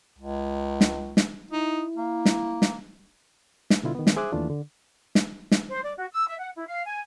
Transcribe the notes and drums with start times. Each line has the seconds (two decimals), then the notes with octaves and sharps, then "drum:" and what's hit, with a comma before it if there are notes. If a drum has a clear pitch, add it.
0.19 C#2
0.81 drum: snare
1.17 drum: snare
1.51 D#4 E4
1.96 A#3
2.25 drum: snare
2.62 drum: snare
3.70 drum: snare
3.83 B2 D3 E4 F4
3.95 D#3 B3
4.07 drum: snare
4.16 G#4 C5 E5 D6 D#6 F#6
4.32 D#2 E3 A3 D4 F4
4.49 D3
5.15 drum: snare
5.51 drum: snare
5.70 C5
5.82 D5
5.98 F#4
6.11 E6
6.27 E5
6.39 F#5
6.55 E4
6.68 F5
6.86 G#5